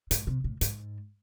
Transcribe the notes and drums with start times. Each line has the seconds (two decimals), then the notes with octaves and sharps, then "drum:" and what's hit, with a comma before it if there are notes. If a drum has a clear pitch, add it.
0.11 G#2, drum: hi-hat
0.27 C3
0.44 A2
0.61 G#2, drum: hi-hat